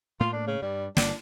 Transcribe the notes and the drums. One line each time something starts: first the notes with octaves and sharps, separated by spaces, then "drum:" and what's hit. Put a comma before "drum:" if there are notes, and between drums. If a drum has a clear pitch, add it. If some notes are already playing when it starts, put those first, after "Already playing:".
A2 A3 A#3 F4
D4
C#3
G2 G3
G1 D4, drum: snare